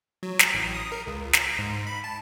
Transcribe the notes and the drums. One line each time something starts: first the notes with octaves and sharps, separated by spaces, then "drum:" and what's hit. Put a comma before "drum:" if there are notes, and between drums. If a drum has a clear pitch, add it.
F#3
A#5, drum: snare
A1
D#6
A#4
C#2
A#5, drum: snare
G#2
B5
A5